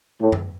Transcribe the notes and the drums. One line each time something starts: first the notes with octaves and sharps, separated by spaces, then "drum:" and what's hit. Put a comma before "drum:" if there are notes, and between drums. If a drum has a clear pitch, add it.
A2
drum: tom F#2